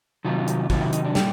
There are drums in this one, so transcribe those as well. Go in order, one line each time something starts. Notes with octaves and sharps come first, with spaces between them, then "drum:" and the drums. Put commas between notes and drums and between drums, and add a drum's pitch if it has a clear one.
C3 D#3 F#3 F4
drum: hi-hat
C3 D#3 F#3 F4, drum: kick
E4
D#4, drum: hi-hat
D4
A#2 G3 G4, drum: snare